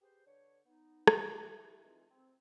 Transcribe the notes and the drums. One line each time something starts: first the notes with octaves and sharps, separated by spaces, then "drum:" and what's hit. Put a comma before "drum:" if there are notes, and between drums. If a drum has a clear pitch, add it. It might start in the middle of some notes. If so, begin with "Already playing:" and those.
G4 G#4 B4 C5
D3 D4 B4 C#5
B3 D#4
drum: rim click
E4 G4
E3 G#3 C4 D#4 F4
C4